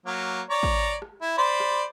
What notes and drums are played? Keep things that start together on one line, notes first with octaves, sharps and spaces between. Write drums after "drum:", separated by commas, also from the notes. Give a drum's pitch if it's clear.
F#3 A#3
C#5 D5 A#5
drum: kick
drum: rim click
E4
C5 D5 B5
drum: rim click